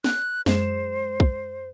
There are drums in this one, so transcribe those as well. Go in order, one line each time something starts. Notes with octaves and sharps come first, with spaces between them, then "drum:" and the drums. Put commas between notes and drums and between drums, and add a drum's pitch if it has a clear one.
F#6, drum: snare
F#2 G#3 C5 E7, drum: snare
drum: kick